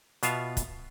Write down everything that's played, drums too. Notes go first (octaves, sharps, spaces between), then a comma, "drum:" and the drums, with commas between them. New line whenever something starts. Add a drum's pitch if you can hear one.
B2 B3 F4 E5 F5, drum: hi-hat
drum: kick, hi-hat